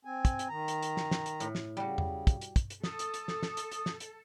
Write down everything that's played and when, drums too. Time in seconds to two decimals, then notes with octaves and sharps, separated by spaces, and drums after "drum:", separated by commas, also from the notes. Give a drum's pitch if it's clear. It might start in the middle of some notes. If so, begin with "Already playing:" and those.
0.05 C4 G#5
0.25 drum: kick, hi-hat
0.39 drum: hi-hat
0.49 D#3 A#5
0.68 drum: hi-hat
0.83 drum: hi-hat
0.97 drum: snare
1.11 drum: snare
1.26 drum: hi-hat
1.40 A2, drum: hi-hat
1.55 drum: snare
1.77 C#3 G3 F#4
1.98 drum: tom E2
2.27 drum: kick, hi-hat
2.41 drum: hi-hat
2.56 drum: kick, hi-hat
2.70 drum: hi-hat
2.83 A4 D#6, drum: snare
2.99 drum: hi-hat
3.14 drum: hi-hat
3.28 drum: snare
3.43 drum: snare
3.57 drum: hi-hat
3.71 drum: hi-hat
3.86 drum: snare
4.00 drum: hi-hat